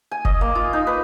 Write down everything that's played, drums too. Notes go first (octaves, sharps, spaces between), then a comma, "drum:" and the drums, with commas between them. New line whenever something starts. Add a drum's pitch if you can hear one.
G#5
D#5, drum: kick F1
A#3
F4
D#4
B4